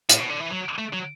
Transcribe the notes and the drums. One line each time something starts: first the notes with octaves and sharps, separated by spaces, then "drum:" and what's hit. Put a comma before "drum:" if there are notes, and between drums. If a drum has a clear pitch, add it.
A2, drum: hi-hat
B2
D3
E3
F#3
A3
F#3